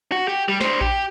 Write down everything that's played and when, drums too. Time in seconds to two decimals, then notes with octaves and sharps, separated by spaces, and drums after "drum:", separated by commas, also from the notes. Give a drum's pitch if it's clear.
0.12 F#4
0.28 G4
0.49 G3
0.61 D4 C5, drum: snare
0.81 G4, drum: kick A#1